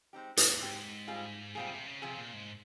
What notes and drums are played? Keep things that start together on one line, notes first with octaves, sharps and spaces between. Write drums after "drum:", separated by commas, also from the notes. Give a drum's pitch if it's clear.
G#3 C4 D#4 G4
A#2, drum: hi-hat
G#2 G#3 C4 D#4 G4
G3 C4 F4 G#4
A#2 G3 C4 F4 G#4
C#3
C3
C#3
C3 F3 C4 F4 G#4
A#2
G#2